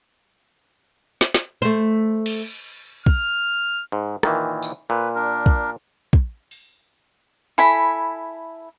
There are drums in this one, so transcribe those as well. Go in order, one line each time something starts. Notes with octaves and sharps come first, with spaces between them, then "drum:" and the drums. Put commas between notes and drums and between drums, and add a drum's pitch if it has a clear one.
drum: snare
drum: snare
A3 C5
drum: cymbal
F6, drum: kick
G#2
A#2 D#3 E3, drum: rim click
drum: tambourine
A#2 B4
D4 A#4
drum: kick
drum: kick
drum: open hi-hat
E4 A4 G#5 B5